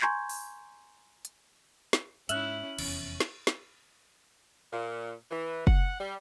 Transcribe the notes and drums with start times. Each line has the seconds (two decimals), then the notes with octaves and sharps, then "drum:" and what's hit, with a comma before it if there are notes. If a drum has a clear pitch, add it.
0.01 G#5 A#5 C6 C#6 G6 G#6, drum: clap
0.29 drum: open hi-hat
1.25 drum: hi-hat
1.93 drum: snare
2.29 G#2 C#4 E4 E5 F6 F#6 F#7, drum: hi-hat
2.79 F1 E2 C#4, drum: cymbal
3.20 drum: snare
3.47 drum: snare
4.73 A#2
5.31 E3
5.67 F#5, drum: kick F#1
6.00 G3